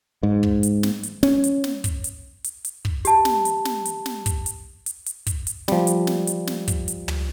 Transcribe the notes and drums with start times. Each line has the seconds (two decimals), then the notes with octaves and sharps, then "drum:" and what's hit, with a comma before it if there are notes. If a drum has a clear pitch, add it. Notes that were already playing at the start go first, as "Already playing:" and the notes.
0.23 G#2
0.43 drum: kick
0.63 drum: hi-hat
0.83 drum: snare
1.03 drum: hi-hat
1.23 C#4, drum: snare
1.44 drum: hi-hat
1.64 drum: snare
1.84 drum: kick, hi-hat
2.04 drum: hi-hat
2.44 drum: hi-hat
2.65 drum: hi-hat
2.85 drum: kick
3.05 G4 A5, drum: hi-hat
3.25 drum: snare
3.45 drum: hi-hat
3.65 drum: snare
3.85 drum: hi-hat
4.06 drum: snare
4.26 drum: kick, hi-hat
4.46 drum: hi-hat
4.86 drum: hi-hat
5.06 drum: hi-hat
5.27 drum: kick, hi-hat
5.47 drum: hi-hat
5.68 F3 G3, drum: snare
5.87 drum: hi-hat
6.07 drum: snare
6.27 drum: hi-hat
6.47 drum: snare
6.68 drum: kick, hi-hat
6.88 drum: hi-hat
7.08 drum: tom